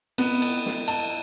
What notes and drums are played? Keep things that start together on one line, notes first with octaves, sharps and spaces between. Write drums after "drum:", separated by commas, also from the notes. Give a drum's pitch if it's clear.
B3, drum: cymbal
drum: cymbal
drum: snare
A5, drum: cymbal